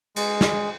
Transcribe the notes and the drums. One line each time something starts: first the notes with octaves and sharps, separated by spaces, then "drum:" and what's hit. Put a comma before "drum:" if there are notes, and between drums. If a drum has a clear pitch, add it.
G#3, drum: cymbal
drum: snare